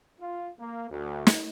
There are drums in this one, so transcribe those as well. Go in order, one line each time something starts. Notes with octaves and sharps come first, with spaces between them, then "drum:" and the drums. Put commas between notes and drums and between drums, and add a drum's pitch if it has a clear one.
F4
A#3
D2
drum: snare